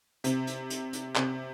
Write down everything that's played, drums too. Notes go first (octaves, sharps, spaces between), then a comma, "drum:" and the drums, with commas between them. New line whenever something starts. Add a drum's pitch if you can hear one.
C3, drum: hi-hat
drum: hi-hat
drum: hi-hat
drum: hi-hat
C3, drum: clap